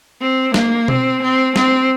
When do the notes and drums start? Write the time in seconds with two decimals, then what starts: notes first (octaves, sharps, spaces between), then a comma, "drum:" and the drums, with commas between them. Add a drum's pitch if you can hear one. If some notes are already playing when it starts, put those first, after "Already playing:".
0.21 C4
0.54 A#3, drum: snare
0.88 C4, drum: tom B2
1.22 C4
1.56 C4, drum: snare